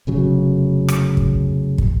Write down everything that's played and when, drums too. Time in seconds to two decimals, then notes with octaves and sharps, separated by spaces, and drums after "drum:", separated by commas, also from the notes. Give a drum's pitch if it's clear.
0.07 F1 C#3 F#3
0.88 drum: rim click
1.17 drum: kick
1.78 drum: kick